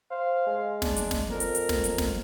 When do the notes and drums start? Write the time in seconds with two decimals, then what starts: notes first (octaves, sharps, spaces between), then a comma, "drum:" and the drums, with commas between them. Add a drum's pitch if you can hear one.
0.11 C5 F5
0.47 G#3
0.82 D4, drum: snare
0.96 drum: hi-hat
1.11 drum: snare
1.30 F2 A#4
1.40 drum: hi-hat
1.55 drum: hi-hat
1.69 drum: snare
1.84 drum: hi-hat
1.98 drum: snare